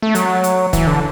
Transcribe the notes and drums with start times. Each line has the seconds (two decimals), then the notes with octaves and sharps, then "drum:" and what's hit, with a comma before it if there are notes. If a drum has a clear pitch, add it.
0.02 A3
0.15 F#3, drum: hi-hat
0.44 drum: hi-hat
0.73 E3, drum: kick, hi-hat
0.87 D3